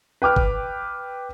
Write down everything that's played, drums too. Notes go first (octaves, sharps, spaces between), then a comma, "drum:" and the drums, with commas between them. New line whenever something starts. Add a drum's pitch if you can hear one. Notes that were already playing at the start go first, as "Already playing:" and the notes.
B4 G5 D6 F6
drum: kick G1